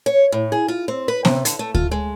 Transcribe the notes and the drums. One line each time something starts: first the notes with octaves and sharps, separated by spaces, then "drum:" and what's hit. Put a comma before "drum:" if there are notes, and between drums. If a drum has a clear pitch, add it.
C#5
A2
G#4
F4
C4
B4
C3, drum: snare B3
D3, drum: hi-hat
A3
F4, drum: kick D2
G#3